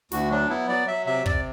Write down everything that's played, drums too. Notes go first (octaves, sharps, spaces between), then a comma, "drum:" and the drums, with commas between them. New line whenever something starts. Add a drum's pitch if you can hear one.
D2 F#4, drum: snare
F#3 D4
B3 E4
F#3 D5
F#3 E5
C3 E5
C3 D5, drum: kick